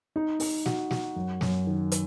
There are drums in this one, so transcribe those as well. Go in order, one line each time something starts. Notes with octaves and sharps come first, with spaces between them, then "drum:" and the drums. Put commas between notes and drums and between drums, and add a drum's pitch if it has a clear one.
D#4
D#4, drum: open hi-hat
F#4, drum: snare
F#4, drum: snare
F#2
F#2, drum: snare
D#3
drum: hi-hat